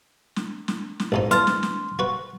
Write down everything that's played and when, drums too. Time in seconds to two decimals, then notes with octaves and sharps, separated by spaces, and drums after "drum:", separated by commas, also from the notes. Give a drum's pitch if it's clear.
0.36 drum: snare
0.68 drum: snare
1.00 drum: snare
1.12 A1 G#2 D#4
1.31 E2 A5 C6 F6, drum: hi-hat
1.47 drum: snare
1.63 drum: snare
1.99 F#4 B4